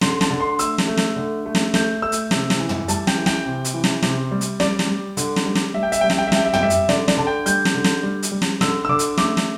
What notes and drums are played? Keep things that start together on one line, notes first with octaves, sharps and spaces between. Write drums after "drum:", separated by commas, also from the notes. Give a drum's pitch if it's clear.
D3 C6, drum: snare
A5, drum: snare
D3
C6
A3 E6, drum: hi-hat
drum: snare
A3
drum: snare
D3
A3
drum: snare
A3 G6, drum: snare
A3 E6
drum: hi-hat
C3, drum: snare
drum: snare
E3
drum: tom
G3 A5, drum: hi-hat
G5, drum: snare
E3
G5, drum: snare
C3
drum: hi-hat
E3
drum: snare
C3, drum: snare
G3
drum: hi-hat
G3 D5, drum: snare
drum: snare
G3
D3, drum: hi-hat
drum: snare
G3
drum: snare
G3 E5
G5
E5, drum: hi-hat
G3 G5
E5, drum: snare
G5
E5
G3 G5, drum: snare
E5
G5, drum: tom
G3 E5
drum: hi-hat
D3 D5, drum: snare
D5, drum: snare
D3 A5
G5
G3 G6, drum: hi-hat
drum: snare
D3
drum: snare
G3
drum: hi-hat
G3
drum: snare
D3 E6, drum: snare
E6
D3 D6
drum: hi-hat
A3 D6, drum: snare
drum: snare